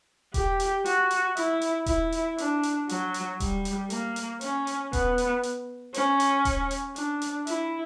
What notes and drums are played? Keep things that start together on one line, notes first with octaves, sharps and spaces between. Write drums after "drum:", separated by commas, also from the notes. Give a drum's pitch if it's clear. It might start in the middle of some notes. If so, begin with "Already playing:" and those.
G4, drum: kick D#1, hi-hat
drum: hi-hat
F#4, drum: hi-hat
drum: hi-hat
E4, drum: hi-hat
drum: hi-hat
E4, drum: kick D#1, hi-hat
drum: hi-hat
D4, drum: hi-hat
drum: hi-hat
F#3, drum: hi-hat
drum: hi-hat
G3, drum: kick D#1, hi-hat
drum: hi-hat
A#3, drum: hi-hat
drum: hi-hat
C#4, drum: hi-hat
drum: hi-hat
B3, drum: kick D#1, hi-hat
drum: hi-hat
drum: hi-hat
C#4, drum: hi-hat
drum: hi-hat
drum: kick D#1, hi-hat
drum: hi-hat
D4, drum: hi-hat
drum: hi-hat
E4, drum: hi-hat